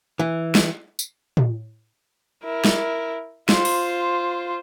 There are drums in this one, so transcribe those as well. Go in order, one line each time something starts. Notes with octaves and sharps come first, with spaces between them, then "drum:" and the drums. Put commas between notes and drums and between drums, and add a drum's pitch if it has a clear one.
E3
drum: snare
drum: tambourine
drum: tom
E4 A#4
drum: snare
F4 C5, drum: snare
drum: open hi-hat